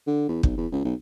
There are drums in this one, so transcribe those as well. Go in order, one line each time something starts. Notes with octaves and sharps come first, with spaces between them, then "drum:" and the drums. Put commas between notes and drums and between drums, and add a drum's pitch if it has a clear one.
D3
E2
B1, drum: kick
E2
C#2
B1